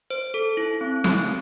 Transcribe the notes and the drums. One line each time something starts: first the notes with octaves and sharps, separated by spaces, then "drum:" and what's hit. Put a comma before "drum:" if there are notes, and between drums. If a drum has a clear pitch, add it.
C5
A4
E4
C4
C4, drum: snare